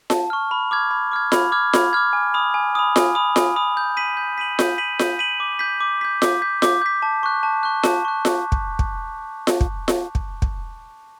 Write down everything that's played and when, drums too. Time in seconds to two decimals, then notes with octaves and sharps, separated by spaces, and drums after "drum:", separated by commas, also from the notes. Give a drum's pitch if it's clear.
0.10 A5, drum: snare F4
0.30 C#6 F6
0.51 B5
0.71 D6 F6 G#6
0.91 B5
1.12 D6 F6 G#6
1.32 B5, drum: snare F4
1.52 D6 F6 G#6
1.73 B5, drum: snare F4
1.93 D6 F6 G#6
2.13 G#5
2.34 B5 D#6
2.54 G#5
2.75 B5 D#6
2.96 G#5, drum: snare F4
3.15 B5 D#6
3.36 G#5, drum: snare F4
3.56 B5 D#6
3.77 G6
3.97 B6 D#7 F#7
4.17 G6
4.38 B6 D#7 F#7
4.59 G6, drum: snare F4
4.78 B6 D#7 F#7
4.99 G6, drum: snare F4
5.19 B6 D#7 F#7
5.40 D6
5.59 G6 B6
5.81 D6
6.01 G6 B6
6.22 D6, drum: snare F4
6.42 G6 B6
6.62 D6, drum: snare F4
6.82 G6 B6
7.02 A5
7.23 C#6 F#6
7.43 A5
7.63 C#6 F#6
7.83 A5, drum: snare F4
8.05 C#6 F#6
8.25 drum: snare F4
8.52 drum: kick
8.79 drum: kick
9.47 drum: snare F4
9.61 drum: kick
9.88 drum: snare F4
10.15 drum: kick
10.42 drum: kick